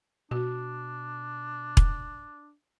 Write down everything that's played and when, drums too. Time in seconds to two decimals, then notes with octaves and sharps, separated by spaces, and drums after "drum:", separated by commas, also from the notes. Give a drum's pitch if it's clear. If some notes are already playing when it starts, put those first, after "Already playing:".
0.31 B2 D4 F#4
1.77 drum: kick E1